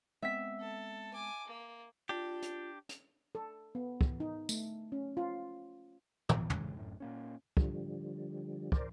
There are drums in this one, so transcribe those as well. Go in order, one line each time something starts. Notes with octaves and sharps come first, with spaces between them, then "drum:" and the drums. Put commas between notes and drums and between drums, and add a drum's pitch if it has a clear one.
G#3 B3 C4 E5 B6
A4
G#5 D6
A#3
D4 F4 G4
drum: hi-hat
drum: hi-hat
A4
B3
drum: kick
D#4
A3, drum: tambourine
C#4
F4
G1 D#2 F3 B3, drum: tom
F#1 F2 C#3 G#3, drum: tom
D1 F#2 A2
A#2 A#3 C#4
D3 F3 G3, drum: kick
A#4 C5 D5, drum: kick